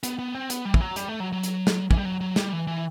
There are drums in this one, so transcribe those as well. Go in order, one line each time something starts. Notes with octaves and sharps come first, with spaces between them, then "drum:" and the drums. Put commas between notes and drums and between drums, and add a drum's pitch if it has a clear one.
B3, drum: hi-hat
B3
C4
B3, drum: hi-hat
G3
E3, drum: kick
F#3
G3, drum: hi-hat
A3
F#3
F#3
drum: hi-hat
drum: snare
E3, drum: kick
G3
F#3
F#3
G3, drum: snare
E3
E3